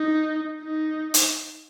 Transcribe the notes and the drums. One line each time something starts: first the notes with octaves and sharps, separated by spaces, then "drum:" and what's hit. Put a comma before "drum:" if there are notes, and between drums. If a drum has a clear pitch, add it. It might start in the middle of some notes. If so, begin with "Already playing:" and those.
Already playing: D#4
D#4
drum: hi-hat